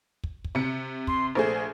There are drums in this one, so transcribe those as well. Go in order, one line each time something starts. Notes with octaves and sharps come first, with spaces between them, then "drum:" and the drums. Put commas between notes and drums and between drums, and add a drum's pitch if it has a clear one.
drum: kick
drum: kick
C3 C#7
C6, drum: kick
A#1 A3 G#4 C5